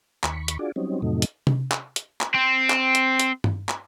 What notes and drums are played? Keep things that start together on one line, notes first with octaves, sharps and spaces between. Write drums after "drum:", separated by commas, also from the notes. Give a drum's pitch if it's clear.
D#2 B5 C#6, drum: clap
drum: hi-hat
D4 F4 F#4 G#4 D5
F#3 G3 C4 C#4 D#4
F2 A2 C3 F#3 A3 D#4
drum: hi-hat
drum: tom C3
drum: clap
drum: hi-hat
drum: clap
C4
drum: clap
drum: hi-hat
drum: hi-hat
drum: tom G2
drum: clap